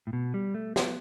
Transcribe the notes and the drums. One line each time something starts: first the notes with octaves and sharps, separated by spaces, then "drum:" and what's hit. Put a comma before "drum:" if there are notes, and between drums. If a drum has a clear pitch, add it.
A2
B2
G3
A3
B3, drum: snare